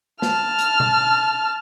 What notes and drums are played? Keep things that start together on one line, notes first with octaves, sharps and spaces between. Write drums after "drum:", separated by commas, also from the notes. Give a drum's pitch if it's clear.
A5 F6, drum: snare
drum: hi-hat
drum: tom B2